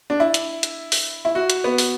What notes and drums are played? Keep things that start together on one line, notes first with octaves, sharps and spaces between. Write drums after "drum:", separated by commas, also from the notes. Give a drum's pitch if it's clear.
D4
E4
drum: hi-hat
drum: hi-hat
drum: open hi-hat
E4
F#4
drum: hi-hat
B3
drum: open hi-hat